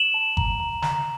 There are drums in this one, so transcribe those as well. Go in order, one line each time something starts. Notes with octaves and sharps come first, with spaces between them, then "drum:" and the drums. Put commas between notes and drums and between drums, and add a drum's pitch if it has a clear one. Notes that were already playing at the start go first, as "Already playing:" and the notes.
Already playing: E7 F#7
A5
A#5, drum: kick G1
A#5
A#5, drum: snare